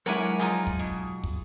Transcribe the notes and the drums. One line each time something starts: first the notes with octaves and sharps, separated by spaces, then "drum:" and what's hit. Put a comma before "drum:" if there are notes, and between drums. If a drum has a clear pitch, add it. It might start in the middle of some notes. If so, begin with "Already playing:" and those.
F#3 G#3 E4 A#4 C#5 F#5 G#5 D6
F3 D#4 F4 G#4
drum: kick
B2
drum: kick